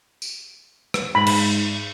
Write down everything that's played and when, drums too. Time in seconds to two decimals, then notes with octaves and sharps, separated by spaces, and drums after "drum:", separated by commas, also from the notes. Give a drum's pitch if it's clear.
0.22 drum: tambourine
0.94 drum: rim click
1.15 G#2 B5
1.27 drum: cymbal